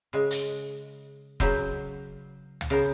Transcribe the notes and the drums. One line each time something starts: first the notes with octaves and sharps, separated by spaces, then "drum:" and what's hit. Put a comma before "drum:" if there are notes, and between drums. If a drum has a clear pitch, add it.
C#3 G#3
drum: hi-hat
C#3 F#3 B4 C5 D#5, drum: kick F1
drum: tom
C#3 B3 A#4 C5